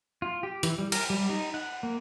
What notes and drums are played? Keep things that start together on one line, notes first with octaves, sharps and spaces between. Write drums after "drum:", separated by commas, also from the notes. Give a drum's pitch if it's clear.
F4
G4
E3, drum: hi-hat
G3
A#4, drum: cymbal
G3
D#4
F#5
A#3